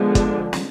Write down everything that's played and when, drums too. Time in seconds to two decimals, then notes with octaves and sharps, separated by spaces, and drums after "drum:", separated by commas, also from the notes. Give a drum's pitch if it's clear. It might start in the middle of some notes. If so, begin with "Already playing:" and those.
Already playing: D3 F3 G#3 B3
0.15 D4, drum: kick, hi-hat
0.53 drum: snare